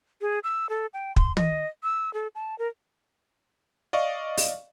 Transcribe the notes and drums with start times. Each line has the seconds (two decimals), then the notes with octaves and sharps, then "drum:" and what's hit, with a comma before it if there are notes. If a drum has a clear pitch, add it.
0.21 G#4
0.44 E6
0.69 A4
0.94 G5
1.16 C6, drum: kick
1.37 D#5, drum: tom
1.83 E6
2.14 A4
2.35 A5
2.59 A#4
3.93 D5 D#5 F5 C#6
4.37 drum: open hi-hat